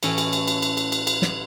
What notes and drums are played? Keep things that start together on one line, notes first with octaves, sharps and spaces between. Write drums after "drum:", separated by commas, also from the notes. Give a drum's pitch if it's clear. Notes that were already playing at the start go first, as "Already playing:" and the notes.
A2 E3 A3 C#4, drum: cymbal
drum: cymbal
drum: cymbal
drum: cymbal
drum: cymbal
drum: cymbal
drum: cymbal
drum: cymbal
drum: snare